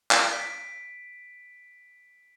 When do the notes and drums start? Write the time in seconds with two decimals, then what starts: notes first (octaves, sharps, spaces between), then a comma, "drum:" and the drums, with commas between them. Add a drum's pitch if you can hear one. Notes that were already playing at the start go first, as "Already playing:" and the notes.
0.11 D7, drum: clap
0.23 D7
0.33 B6